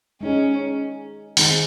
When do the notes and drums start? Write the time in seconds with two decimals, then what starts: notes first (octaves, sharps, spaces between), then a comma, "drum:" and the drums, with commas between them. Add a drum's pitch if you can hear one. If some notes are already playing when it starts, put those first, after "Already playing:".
0.21 G#3 C#4 D#4 G#4
1.37 D#3 G#3 C4 D#4 G#4, drum: open hi-hat